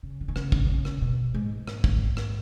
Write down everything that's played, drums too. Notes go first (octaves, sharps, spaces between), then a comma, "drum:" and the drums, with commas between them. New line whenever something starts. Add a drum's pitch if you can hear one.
C#3
E3
D#3
C#3, drum: rim click
drum: kick
C#3
drum: rim click
B2
G#2
drum: rim click
drum: kick
drum: rim click